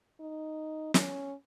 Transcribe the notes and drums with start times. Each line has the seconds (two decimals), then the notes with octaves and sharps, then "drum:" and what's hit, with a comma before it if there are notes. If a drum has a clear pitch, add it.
0.20 D#4
0.94 C#4, drum: snare